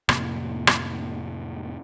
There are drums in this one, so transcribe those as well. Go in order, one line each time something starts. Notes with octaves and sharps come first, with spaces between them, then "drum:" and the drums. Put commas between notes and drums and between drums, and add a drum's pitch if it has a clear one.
F2 A2 C3 A#3, drum: rim click
drum: rim click